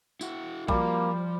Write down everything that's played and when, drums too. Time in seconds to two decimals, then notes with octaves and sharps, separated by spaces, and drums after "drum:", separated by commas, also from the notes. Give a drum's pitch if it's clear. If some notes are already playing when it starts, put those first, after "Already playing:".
0.21 E4 F#4, drum: tambourine
0.68 F3 G3 A#3, drum: kick